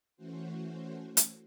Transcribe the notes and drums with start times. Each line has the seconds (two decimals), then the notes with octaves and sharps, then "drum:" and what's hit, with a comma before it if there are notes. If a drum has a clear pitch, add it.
0.17 E3 A3 C#4 F#4 C5
1.17 drum: hi-hat